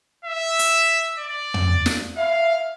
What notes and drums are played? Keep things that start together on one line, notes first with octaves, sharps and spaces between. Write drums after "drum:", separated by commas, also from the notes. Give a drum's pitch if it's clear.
E5
drum: hi-hat
D5
drum: tom
drum: snare
E5 F5